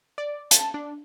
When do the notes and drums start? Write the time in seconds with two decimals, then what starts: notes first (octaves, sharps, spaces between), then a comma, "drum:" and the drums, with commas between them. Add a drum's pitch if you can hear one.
0.18 D5
0.51 A5, drum: hi-hat
0.74 D4